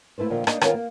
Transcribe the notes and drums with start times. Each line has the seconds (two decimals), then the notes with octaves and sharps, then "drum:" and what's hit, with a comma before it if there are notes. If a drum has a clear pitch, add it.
0.18 A3 E4 A4 B4 C5
0.30 A#2 D3 D#3 F3 A#3
0.47 A#3 D4 D#4 D5 D#5, drum: rim click
0.61 D#3 B3 C#4 F4 A4 A#4, drum: rim click
0.74 A#3